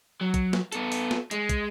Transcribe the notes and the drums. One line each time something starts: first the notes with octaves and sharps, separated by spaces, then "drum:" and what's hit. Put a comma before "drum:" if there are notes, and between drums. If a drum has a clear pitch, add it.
F#3
drum: kick, hi-hat
drum: snare
B3 A4, drum: hi-hat
drum: open hi-hat
drum: snare
G#3, drum: hi-hat
drum: kick, hi-hat